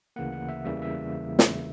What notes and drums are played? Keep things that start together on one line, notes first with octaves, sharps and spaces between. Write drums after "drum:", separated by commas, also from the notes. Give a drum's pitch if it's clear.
D2 C#3 E3 A#3 F#5
F#5
E5
E2 C#3 E3 G3 A#3 E5
E5
drum: snare